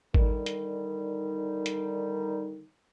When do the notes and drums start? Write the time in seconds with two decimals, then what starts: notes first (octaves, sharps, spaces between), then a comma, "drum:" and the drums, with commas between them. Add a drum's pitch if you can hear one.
0.14 D3 D#3 G3 D#4, drum: kick G#1
0.46 drum: hi-hat
1.66 drum: hi-hat